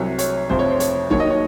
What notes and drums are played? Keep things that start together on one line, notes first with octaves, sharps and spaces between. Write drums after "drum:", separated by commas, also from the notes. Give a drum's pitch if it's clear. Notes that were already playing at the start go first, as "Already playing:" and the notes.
Already playing: C2 C3 F#3 C#5
C#5, drum: hi-hat
F2 C3 F3 C5, drum: kick
C#5
C5
C#5, drum: hi-hat
D#2 D#3 F#3 C#5, drum: kick
D#5
C#5